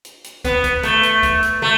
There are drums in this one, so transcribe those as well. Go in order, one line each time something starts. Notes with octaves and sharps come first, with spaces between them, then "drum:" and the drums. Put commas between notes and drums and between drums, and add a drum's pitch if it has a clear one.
drum: hi-hat
drum: hi-hat
B3, drum: kick, hi-hat
drum: kick, hi-hat
A3, drum: hi-hat
drum: hi-hat
drum: kick, hi-hat
drum: hi-hat
A3